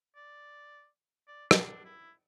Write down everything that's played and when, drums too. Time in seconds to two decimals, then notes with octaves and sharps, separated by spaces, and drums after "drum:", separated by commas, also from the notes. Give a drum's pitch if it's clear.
0.16 D5
1.28 D5
1.51 D4, drum: rim click
1.85 E4